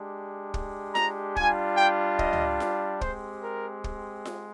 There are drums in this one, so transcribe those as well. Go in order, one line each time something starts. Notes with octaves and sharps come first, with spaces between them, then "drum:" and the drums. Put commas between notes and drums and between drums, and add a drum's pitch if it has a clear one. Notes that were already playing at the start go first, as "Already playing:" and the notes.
Already playing: G#3 D4 G4
drum: kick
A#5, drum: snare F4
G3 D4 F4 G#5, drum: kick
G5
D#5, drum: kick
drum: tom C#2
drum: snare F4
G#3 C4 G4 C5, drum: kick
A#4
drum: kick
drum: snare F4